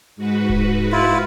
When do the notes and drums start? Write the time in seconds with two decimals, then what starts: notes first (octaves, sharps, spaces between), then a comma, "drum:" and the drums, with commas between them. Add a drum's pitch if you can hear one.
0.16 G#2 F#4 B4
0.49 drum: kick D1
0.92 E4 F4